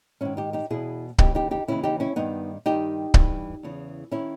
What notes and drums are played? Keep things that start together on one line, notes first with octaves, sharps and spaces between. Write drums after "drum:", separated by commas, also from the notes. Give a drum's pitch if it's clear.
G#2 D#3 C#4 E4
D#4 G4
D#4 G4
E2 B2 E4 G#4
D#2 C#3 E3 D#4 G4, drum: kick C#1
D#4 G4
D#4 G4
D#2 C#3 E3 C#4 E4
D#4 G4
C#4 E4
G2 D#3 B3 D#4
G2 D#3 D#4 G4
G2 E3, drum: kick C#1
E2 C#3 E3
D#3 C#4 E4